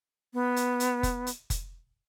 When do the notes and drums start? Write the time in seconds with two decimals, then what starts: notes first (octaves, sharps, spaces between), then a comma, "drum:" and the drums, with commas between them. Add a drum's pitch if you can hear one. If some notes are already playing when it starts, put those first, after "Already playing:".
0.34 B3
0.56 drum: hi-hat
0.80 drum: hi-hat
1.03 drum: kick F1, hi-hat
1.27 drum: hi-hat
1.50 drum: kick F1, hi-hat